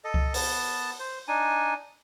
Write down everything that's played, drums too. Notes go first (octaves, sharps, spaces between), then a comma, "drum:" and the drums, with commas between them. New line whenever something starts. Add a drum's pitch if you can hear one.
A4 D#5
drum: kick C#2
B3 A5, drum: open hi-hat
C5
D4 D#4 G#5